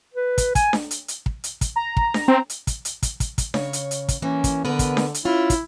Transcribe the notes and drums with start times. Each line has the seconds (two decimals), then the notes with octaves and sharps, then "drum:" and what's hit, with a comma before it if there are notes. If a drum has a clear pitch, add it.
0.14 B4
0.38 drum: kick, hi-hat
0.55 G#5, drum: kick, hi-hat
0.73 drum: snare D4
0.91 drum: hi-hat
1.08 drum: hi-hat
1.26 drum: kick
1.44 drum: hi-hat
1.61 drum: kick, hi-hat
1.76 A#5
1.97 drum: kick
2.14 drum: snare D4
2.28 C4
2.50 drum: hi-hat
2.67 drum: kick, hi-hat
2.85 drum: hi-hat
3.03 drum: kick, hi-hat
3.20 drum: kick, hi-hat
3.38 drum: kick, hi-hat
3.54 C#3 C#5, drum: snare D4
3.73 drum: hi-hat
3.91 drum: hi-hat
4.08 drum: kick, hi-hat
4.22 E3 A#3 C#4
4.44 drum: kick, hi-hat
4.65 D3 B3 A#4 B4
4.79 drum: kick, hi-hat
4.97 drum: snare D4
5.14 drum: hi-hat
5.25 C#4 E4 F4
5.50 drum: kick, hi-hat